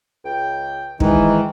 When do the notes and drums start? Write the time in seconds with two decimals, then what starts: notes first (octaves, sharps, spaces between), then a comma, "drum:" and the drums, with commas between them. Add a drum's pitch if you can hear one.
0.24 C#2 G5
1.00 G#2 D#3 E3 D#4, drum: kick